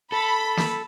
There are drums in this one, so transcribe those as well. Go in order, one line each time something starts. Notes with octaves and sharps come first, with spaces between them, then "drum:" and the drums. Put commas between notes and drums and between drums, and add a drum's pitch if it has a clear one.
A4 B5
drum: snare